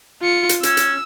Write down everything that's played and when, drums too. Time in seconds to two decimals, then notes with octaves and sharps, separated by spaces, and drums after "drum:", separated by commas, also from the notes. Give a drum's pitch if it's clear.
0.21 F4 C#7
0.49 drum: hi-hat
0.63 C#4 E6, drum: hi-hat
0.77 drum: hi-hat